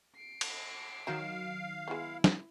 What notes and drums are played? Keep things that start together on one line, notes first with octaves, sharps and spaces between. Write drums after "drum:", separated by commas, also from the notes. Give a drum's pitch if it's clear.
C7 D7
drum: cymbal
D#3 F#3 D#4 F5 E7
G#3 B3 E4
drum: snare